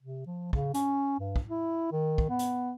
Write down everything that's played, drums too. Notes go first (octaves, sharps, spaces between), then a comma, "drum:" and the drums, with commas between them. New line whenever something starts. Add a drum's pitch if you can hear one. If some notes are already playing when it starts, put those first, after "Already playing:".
C3
F3
C#3, drum: kick
C#4, drum: hi-hat
G2
drum: kick
E4
D#3
drum: kick
B3
drum: hi-hat